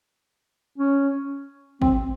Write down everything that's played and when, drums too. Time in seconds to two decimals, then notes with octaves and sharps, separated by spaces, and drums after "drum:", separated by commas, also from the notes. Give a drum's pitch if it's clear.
0.78 C#4
1.82 C4, drum: kick G#1